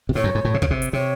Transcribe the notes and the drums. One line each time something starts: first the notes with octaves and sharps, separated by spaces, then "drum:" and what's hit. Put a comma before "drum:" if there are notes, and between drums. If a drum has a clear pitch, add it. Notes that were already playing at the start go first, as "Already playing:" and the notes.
C3
A2 C#5
F#2
G#2
A2
C3
C#3, drum: kick
C3
drum: hi-hat
C3 C#5